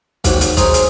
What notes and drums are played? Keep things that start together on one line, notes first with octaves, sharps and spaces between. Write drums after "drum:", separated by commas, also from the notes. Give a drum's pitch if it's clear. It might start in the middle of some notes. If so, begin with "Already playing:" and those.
D#2 G#2 F#4 G4 C#5, drum: kick, hi-hat
drum: hi-hat
G#4 C5 C#5 D#5 G#5 A#5, drum: kick, hi-hat
drum: hi-hat